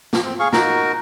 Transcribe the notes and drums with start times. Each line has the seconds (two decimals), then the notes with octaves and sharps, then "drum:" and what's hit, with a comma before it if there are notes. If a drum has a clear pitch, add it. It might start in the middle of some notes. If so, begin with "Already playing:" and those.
0.13 drum: snare
0.24 C4
0.39 G#4 F5 C#6
0.53 D#4 F#4 A#4, drum: snare